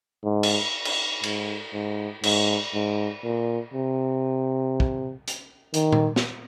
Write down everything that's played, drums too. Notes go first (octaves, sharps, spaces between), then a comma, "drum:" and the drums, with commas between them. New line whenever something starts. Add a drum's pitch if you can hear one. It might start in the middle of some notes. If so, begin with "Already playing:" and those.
G#2
drum: cymbal
drum: cymbal
G#2, drum: cymbal
G#2
G#2, drum: cymbal
G#2
A#2
C3
drum: kick
drum: hi-hat
D#3, drum: hi-hat
drum: tom A#2
drum: snare